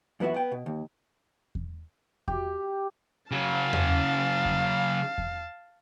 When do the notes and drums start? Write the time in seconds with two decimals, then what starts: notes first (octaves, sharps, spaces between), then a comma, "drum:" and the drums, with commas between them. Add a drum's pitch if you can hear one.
0.20 F#2 E3 B3 E4 F#4
0.34 B3 G5
0.52 B2
0.66 D#2
1.55 drum: kick E2
2.28 G4, drum: kick E2
3.32 C#3 F#3 F5 A5
3.73 drum: tom E2
4.45 drum: kick E2
5.18 drum: kick E2